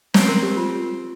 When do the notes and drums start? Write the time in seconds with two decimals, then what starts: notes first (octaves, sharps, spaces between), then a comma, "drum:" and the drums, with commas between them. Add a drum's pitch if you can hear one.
0.14 C4 C5, drum: snare
0.28 A#4
0.43 G4
0.57 F4